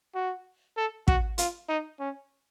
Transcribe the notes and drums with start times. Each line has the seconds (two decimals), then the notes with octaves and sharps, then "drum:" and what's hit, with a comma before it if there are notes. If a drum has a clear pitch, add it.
0.15 F#4
0.77 A4
1.08 F#4, drum: kick
1.38 F4, drum: hi-hat
1.69 D#4
2.00 C#4